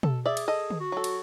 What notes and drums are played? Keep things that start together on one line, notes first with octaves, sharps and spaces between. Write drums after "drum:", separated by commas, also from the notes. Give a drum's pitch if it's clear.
A4, drum: tom B2
G#4 D5 E5
drum: cymbal
A4 D#5
drum: tom D3
F#4
F#3 A4
drum: cymbal